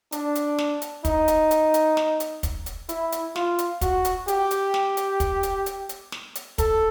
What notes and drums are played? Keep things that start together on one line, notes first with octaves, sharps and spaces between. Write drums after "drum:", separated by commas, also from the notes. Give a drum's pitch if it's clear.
D4, drum: hi-hat
drum: hi-hat
drum: snare
drum: hi-hat
D#4, drum: kick, hi-hat
drum: hi-hat
drum: hi-hat
drum: hi-hat
drum: snare
drum: hi-hat
drum: kick, hi-hat
drum: hi-hat
E4, drum: hi-hat
drum: hi-hat
F4, drum: snare
drum: hi-hat
F#4, drum: kick, hi-hat
drum: hi-hat
G4, drum: hi-hat
drum: hi-hat
drum: snare
drum: hi-hat
drum: kick, hi-hat
drum: hi-hat
drum: hi-hat
drum: hi-hat
drum: snare
drum: hi-hat
A4, drum: kick, hi-hat